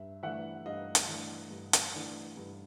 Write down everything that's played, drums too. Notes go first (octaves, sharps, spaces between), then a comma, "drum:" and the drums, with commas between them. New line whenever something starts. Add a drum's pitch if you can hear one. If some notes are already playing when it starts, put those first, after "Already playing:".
Already playing: G2 E5
E3 A3 D4 E5 F#5
G2 D#5 F5
drum: hi-hat
E3 A3 D4
G2
drum: hi-hat
E3 A3 D4
G2